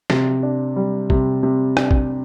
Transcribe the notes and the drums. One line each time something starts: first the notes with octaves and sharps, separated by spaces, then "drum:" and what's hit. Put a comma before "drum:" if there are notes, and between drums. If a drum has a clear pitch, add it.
C3, drum: snare
D4
G3
C3, drum: kick
C3
D4, drum: rim click
drum: kick